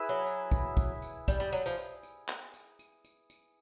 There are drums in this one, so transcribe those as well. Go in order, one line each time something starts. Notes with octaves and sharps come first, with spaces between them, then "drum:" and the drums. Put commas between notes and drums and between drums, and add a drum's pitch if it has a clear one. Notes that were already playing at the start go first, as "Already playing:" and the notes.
Already playing: E4 G#4 B4 E5
F#3
drum: tambourine
drum: kick, tambourine
drum: kick, tambourine
drum: tambourine
G3, drum: kick, tambourine
G3
F#3, drum: tambourine
F3
drum: tambourine
drum: tambourine
drum: clap
drum: tambourine
drum: tambourine
drum: tambourine
drum: tambourine